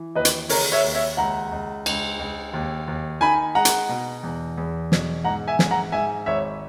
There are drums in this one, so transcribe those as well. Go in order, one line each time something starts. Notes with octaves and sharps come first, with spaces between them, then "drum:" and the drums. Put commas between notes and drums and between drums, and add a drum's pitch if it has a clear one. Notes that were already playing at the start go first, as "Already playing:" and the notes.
Already playing: E3
D#2 B4 D#5
drum: hi-hat
C#3 A#4 C#5, drum: open hi-hat
C#5 E5
D#2
C#5 E5
C#2 F#5 A#5
C#2
C#2, drum: cymbal
C#2
D#2
D#2
D#3 G#5 B5
G#3 F#5 A#5
drum: hi-hat
B2
E2
E2
B2, drum: snare
G#2 F#5 A#5
E5 G#5
G#2, drum: snare
F#5 A#5
G#2 E5 G#5
G#1 C#5 E5